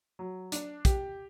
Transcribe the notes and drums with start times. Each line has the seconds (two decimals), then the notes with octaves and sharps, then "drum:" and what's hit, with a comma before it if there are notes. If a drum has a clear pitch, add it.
0.19 F#3
0.52 D4, drum: hi-hat
0.85 G4, drum: kick, hi-hat